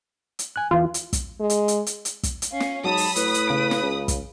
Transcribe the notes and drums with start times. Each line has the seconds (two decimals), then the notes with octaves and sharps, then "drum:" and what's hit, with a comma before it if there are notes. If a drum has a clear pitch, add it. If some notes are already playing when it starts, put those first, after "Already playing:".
0.39 drum: hi-hat
0.56 G#5 F#6
0.71 E2 E3 F4
0.94 drum: hi-hat
1.13 drum: kick, hi-hat
1.40 G#3
1.50 drum: hi-hat
1.68 drum: hi-hat
1.87 drum: hi-hat
2.05 drum: hi-hat
2.23 drum: kick, hi-hat
2.42 drum: hi-hat
2.51 C#4 F5
2.60 drum: snare
2.84 G#2 F#3 A5 B5 D#6
2.97 drum: open hi-hat
3.16 A2 B4, drum: hi-hat
3.34 drum: hi-hat
3.48 C#3 D7
3.71 drum: snare
3.82 C#2
4.08 drum: kick, hi-hat